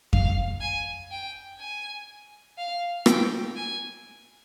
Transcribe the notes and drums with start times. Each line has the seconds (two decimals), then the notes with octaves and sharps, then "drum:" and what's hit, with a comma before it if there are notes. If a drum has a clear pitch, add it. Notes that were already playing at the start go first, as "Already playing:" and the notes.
0.13 F5, drum: kick F2
0.61 G#5
1.11 G5
1.59 G#5
2.57 F5
3.06 G5, drum: rim click
3.56 G#5